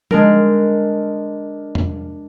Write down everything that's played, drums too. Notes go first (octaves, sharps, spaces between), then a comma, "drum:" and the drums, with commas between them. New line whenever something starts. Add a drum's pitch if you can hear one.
G#3 D4 A#4, drum: tom F3
drum: tom E2